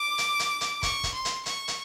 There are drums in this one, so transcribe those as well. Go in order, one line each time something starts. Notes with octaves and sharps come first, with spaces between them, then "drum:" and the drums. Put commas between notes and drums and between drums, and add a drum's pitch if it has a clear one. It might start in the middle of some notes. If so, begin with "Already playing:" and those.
Already playing: D6
drum: hi-hat
drum: hi-hat
drum: hi-hat
C#6, drum: kick, hi-hat
drum: kick, hi-hat
C6
drum: hi-hat
C#6, drum: hi-hat
drum: hi-hat